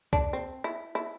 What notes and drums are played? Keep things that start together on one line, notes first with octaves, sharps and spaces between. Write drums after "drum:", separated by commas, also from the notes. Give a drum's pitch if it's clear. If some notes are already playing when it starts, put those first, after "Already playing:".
D4, drum: kick C2
C4
E4
E4